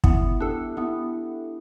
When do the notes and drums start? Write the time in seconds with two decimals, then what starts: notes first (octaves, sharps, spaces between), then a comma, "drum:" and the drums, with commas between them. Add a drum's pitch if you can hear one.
0.04 B3 E4, drum: kick
0.40 D4 G4 A4
0.77 B3 E4